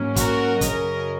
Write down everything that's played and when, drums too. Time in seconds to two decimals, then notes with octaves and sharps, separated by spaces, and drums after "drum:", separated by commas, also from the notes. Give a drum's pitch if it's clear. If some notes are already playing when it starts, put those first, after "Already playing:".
Already playing: G#2 F#3 A#3 C#4
0.16 F#4 A#4, drum: kick, hi-hat
0.61 F#2 C#3 F#3 C#4 A#4 D#5, drum: kick, hi-hat